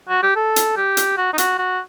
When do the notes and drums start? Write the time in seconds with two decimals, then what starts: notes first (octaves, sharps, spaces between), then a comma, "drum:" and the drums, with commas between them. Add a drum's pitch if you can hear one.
0.09 F#4
0.23 G4
0.36 A4
0.56 drum: hi-hat
0.77 G4
0.97 drum: hi-hat
1.17 F#4
1.33 D#4
1.38 F#4, drum: hi-hat
1.58 F#4